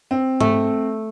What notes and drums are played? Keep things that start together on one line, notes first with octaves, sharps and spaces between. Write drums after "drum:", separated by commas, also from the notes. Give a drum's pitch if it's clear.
C4
A3, drum: tom